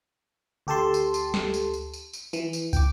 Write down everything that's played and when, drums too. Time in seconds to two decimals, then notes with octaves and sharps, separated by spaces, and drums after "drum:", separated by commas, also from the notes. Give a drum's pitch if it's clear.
0.67 D2 G4 A4 A5 C6
0.94 drum: tambourine
1.14 drum: tambourine
1.34 drum: snare
1.54 drum: tambourine
1.74 drum: tambourine
1.93 drum: tambourine
2.13 drum: tambourine
2.33 E3, drum: tambourine
2.53 drum: tambourine
2.73 G5 D6, drum: kick, tambourine